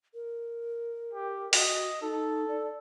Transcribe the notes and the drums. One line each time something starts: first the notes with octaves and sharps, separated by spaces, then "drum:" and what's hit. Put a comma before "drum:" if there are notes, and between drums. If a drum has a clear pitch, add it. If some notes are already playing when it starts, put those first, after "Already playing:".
A#4
G4
F#4 D#5, drum: open hi-hat
D#4 A4
D5